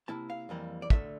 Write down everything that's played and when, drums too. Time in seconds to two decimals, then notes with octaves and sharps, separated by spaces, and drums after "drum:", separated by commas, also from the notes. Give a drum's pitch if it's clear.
0.08 C3 E3 A#3 E4 A5
0.30 F5
0.49 F2 E3 G3 A#3
0.82 D5
0.90 D2 D3 A3 E5, drum: kick